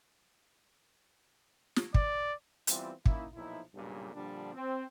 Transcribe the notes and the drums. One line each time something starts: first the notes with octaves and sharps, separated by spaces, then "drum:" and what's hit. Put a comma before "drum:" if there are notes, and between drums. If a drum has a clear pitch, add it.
drum: snare
D5, drum: kick
E3 G3 B3 C4 E4 F4, drum: hi-hat
A#3 C#4 D#4 E4, drum: kick
B1 A#2 F3 D#4 E4
B1 G2 A#2 C#3 G3
A#2 D3 F3 G3 D4
C4